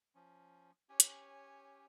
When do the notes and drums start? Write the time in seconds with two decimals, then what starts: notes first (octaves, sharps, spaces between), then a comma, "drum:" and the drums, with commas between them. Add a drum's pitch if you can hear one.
0.15 F3 C#4
0.89 C#4 G4 C#5 G#5
1.00 drum: hi-hat